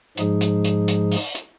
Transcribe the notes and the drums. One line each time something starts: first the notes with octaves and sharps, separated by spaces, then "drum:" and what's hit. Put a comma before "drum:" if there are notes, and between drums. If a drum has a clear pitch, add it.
G#2 F3 G#3 D#4 G#4, drum: hi-hat
drum: hi-hat
drum: hi-hat
drum: hi-hat
drum: open hi-hat
drum: hi-hat